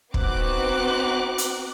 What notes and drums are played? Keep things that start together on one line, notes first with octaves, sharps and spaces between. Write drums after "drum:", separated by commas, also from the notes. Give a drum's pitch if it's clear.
B3 C4 D#4 F#4 D6 F#6, drum: kick
drum: hi-hat